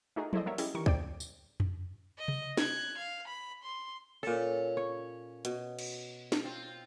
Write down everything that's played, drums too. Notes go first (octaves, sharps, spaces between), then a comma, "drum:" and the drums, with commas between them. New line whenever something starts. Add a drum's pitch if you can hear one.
A3 D#4 F#4 G#4 A#4
E4 G#4 A4 C5 D5 D#5, drum: tom F3
G3 A#3 B3 A#4 C#5 E5
C#4 E4 G4 G#4 D#5, drum: open hi-hat
D#3 E3 G3 A#4 C#6
C5 D5 G5, drum: kick
drum: tambourine
drum: tom F2
D#5
drum: tom C3
F#6 G#6, drum: snare
F5
B5
C6
A#2 C#4 A4
C#5
B2, drum: hi-hat
drum: cymbal
drum: snare
C4 F4